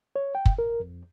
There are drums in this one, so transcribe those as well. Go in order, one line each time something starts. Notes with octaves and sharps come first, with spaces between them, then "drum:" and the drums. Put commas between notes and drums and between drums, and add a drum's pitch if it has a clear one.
C#5
G5
drum: kick
A#4
F2